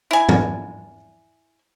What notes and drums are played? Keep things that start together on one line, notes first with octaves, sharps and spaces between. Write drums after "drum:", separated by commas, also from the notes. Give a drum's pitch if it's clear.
E4 G#5
drum: tom G#2